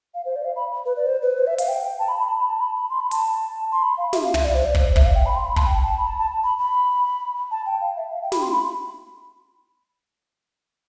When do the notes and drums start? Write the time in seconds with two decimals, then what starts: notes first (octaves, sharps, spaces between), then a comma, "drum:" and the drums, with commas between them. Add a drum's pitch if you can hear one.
0.15 F5
0.25 C5
0.36 D5
0.45 F5
0.56 B5
0.86 B4
0.97 D5
1.06 C5
1.22 B4
1.37 C5
1.47 E5
1.58 F5, drum: hi-hat
1.68 G5
1.83 G5
1.99 A5
2.08 B5
2.20 B5
2.29 A5
2.40 B5
2.50 A5
2.60 B5
2.76 B5
2.90 C6
3.00 B5
3.11 A5, drum: hi-hat
3.72 C6
3.83 B5
3.98 F5
4.13 E5, drum: snare
4.24 F5
4.34 E5, drum: tom
4.45 D5
4.55 C5
4.65 D5
4.75 C5, drum: kick
4.85 D5
4.96 E5, drum: kick
5.06 F5
5.16 G5
5.26 B5
5.36 C6
5.46 B5
5.56 A5, drum: kick
5.67 G5
5.83 A5
5.98 B5
6.07 A5
6.18 A5
6.44 B5
6.59 B5
7.51 A5
7.66 G5
7.81 F5
7.97 E5
8.12 F5
8.23 G5
8.32 B5, drum: snare
8.43 C6
8.52 B5